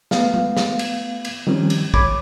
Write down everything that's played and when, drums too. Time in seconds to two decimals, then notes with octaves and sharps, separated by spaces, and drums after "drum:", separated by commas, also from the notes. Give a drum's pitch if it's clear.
0.11 A3 B3 F5, drum: snare
0.34 drum: tom G#3
0.57 drum: snare
0.79 drum: cymbal
1.25 drum: cymbal
1.47 D#3 F3 G3 C4 C#4 D#4
1.70 drum: cymbal
1.94 C#5 B5 D6 G#6, drum: kick